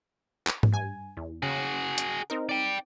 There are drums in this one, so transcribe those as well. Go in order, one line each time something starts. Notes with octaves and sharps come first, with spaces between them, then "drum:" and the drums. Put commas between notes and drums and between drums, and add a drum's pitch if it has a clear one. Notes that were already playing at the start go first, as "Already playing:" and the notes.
drum: clap
drum: tom G#2
G2 G#5
E2
C#3 F#4 G#4
drum: hi-hat
C4 D#4 A#4
D5 G5